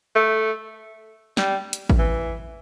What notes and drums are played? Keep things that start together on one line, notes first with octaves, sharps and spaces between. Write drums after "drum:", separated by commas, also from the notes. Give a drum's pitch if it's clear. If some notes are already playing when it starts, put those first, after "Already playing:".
A3
G3, drum: snare
drum: hi-hat
drum: kick A1
E3